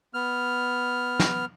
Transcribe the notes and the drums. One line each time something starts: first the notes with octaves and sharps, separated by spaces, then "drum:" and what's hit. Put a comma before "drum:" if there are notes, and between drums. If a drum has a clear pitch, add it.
B3 F6
drum: snare